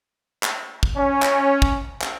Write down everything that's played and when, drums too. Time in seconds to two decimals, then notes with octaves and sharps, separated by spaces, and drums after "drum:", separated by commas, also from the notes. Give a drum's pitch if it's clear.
0.43 drum: clap
0.83 drum: kick
0.96 C#4
1.22 drum: clap
1.62 drum: kick
2.02 drum: clap